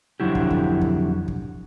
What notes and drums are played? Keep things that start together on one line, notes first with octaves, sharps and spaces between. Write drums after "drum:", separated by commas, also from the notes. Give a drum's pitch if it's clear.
F2 D3 F#3 E4 G4
drum: kick
drum: kick
drum: kick
drum: kick